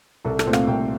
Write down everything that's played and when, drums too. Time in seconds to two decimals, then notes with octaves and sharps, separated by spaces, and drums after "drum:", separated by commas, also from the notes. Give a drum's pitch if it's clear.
0.25 C2 A4
0.39 A4, drum: rim click
0.46 A#2 A3 C4
0.53 F5, drum: rim click
0.67 C2 G5